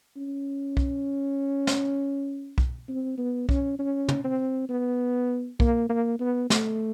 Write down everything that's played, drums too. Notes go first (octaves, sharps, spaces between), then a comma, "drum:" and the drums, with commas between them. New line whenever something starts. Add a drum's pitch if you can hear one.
C#4
drum: kick B1
drum: snare
drum: kick B1
C4
B3
C#4, drum: kick B1
C#4
drum: tom
C4
B3
A#3, drum: kick B1
A#3
B3
A3, drum: snare